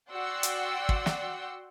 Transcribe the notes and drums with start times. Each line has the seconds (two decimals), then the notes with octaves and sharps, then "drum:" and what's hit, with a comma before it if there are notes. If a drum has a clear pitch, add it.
0.10 F#4 D5 F#5 G5 C6 E6
0.43 drum: hi-hat
0.89 drum: kick
1.06 drum: snare